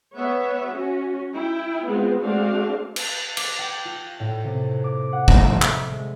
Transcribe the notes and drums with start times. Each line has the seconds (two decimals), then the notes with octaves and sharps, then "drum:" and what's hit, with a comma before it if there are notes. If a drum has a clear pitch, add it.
0.15 B3 C#5 E5
0.69 C#4 F#4
1.34 E4 G5
1.87 G#3 B3 C4 F4
2.21 G#3 A3 C4 D4 F#4 F5
2.96 drum: cymbal
3.37 D6, drum: cymbal
3.59 G5
3.85 F4
4.20 A2
4.44 C3
4.84 D6
5.13 F#5
5.28 drum: kick
5.62 E5, drum: clap
5.91 G#3